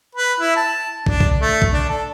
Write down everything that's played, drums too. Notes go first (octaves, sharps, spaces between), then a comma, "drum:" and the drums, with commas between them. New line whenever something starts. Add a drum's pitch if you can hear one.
B4
E4
A5
D4, drum: kick
drum: kick
A3
drum: kick
D4
A4